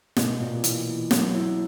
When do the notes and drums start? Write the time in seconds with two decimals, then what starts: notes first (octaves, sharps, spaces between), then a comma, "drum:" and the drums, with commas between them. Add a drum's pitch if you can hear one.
0.17 B2, drum: snare
0.40 A#2
0.64 E3, drum: hi-hat
0.87 E3
1.11 F#3, drum: snare
1.35 E4